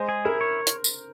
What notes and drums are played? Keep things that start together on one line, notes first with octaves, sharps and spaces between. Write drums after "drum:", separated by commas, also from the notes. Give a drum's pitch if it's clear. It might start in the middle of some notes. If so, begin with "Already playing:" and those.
Already playing: G#3 C5
G#4
E4 A#4
C#5
drum: hi-hat
drum: tambourine